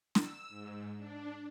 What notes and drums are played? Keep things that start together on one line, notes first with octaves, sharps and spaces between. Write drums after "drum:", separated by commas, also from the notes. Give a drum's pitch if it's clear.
E6, drum: snare
G#2
D4